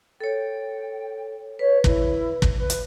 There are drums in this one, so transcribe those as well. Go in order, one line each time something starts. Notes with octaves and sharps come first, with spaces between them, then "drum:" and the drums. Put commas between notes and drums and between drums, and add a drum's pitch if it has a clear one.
A4 C#5 G5
B4 C#5
E4, drum: kick
drum: kick
B4
drum: hi-hat